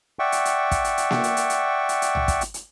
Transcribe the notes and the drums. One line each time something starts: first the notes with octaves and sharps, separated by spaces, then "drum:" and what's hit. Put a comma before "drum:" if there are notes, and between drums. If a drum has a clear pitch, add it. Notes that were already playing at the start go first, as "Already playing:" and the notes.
D5 E5 F#5 G5 C#6
drum: hi-hat
drum: hi-hat
drum: kick, hi-hat
drum: hi-hat
drum: hi-hat
drum: snare A#3
drum: hi-hat
drum: hi-hat
drum: hi-hat
drum: hi-hat
drum: hi-hat
drum: tom C2
drum: kick, hi-hat
drum: hi-hat
drum: hi-hat